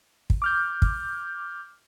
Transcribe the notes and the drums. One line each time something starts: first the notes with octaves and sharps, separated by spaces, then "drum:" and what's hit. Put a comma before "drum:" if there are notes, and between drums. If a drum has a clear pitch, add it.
drum: kick
D6 F6 G6
drum: kick